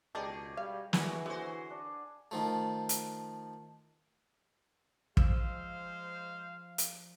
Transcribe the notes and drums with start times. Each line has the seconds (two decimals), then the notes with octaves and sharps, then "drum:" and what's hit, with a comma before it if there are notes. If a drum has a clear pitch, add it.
0.15 C#2 B2 G#3 D4 D#4 G4 G#4
0.57 G3 F5
0.93 E3 F#4 G#4 F#5, drum: snare
1.26 D3 F#4 C5 C#5 G#5 D#6
1.70 D4
2.31 D#3 F3 A3
2.89 drum: hi-hat
5.17 F3 G#3 C5 F5 E6, drum: kick
6.78 drum: hi-hat